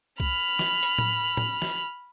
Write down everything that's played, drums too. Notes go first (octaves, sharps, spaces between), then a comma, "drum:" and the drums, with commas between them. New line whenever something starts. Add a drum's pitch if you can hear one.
B5 F6, drum: kick
drum: snare
drum: hi-hat
drum: tom A2
drum: tom A2
drum: snare